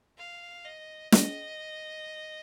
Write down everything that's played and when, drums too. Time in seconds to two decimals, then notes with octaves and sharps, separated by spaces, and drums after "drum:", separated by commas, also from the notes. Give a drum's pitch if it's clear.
0.18 F5
0.65 D#5
1.12 D#5, drum: snare